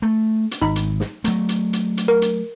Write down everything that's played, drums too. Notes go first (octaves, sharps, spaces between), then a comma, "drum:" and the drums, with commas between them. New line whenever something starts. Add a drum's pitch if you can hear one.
A3
drum: hi-hat
G#1 D#4 B5
drum: hi-hat
drum: snare
F#3 A3, drum: hi-hat
drum: hi-hat
drum: hi-hat
drum: hi-hat
A#4
drum: hi-hat